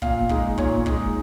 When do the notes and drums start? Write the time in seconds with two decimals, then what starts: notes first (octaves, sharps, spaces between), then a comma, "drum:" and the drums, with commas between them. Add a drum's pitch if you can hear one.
0.02 A#2 F5, drum: kick
0.29 G#3 D#4, drum: kick
0.58 A#2 C#5, drum: kick
0.86 G#3 D#4, drum: kick